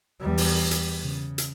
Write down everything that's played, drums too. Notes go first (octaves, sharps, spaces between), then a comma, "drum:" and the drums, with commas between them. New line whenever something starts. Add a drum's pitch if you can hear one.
E2 G3
drum: open hi-hat
drum: hi-hat
C#3
drum: hi-hat